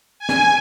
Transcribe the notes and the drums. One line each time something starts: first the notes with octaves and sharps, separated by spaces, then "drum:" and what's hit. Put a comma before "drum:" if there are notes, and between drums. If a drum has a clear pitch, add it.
G#5
drum: snare